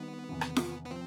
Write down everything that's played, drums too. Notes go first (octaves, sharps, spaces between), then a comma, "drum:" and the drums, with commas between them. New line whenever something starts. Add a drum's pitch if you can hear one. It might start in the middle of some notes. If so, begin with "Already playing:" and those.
Already playing: D#3 G3 B3 C4 D#4
E2 C3 D#3
drum: rim click
drum: snare F4
B3
F3 C4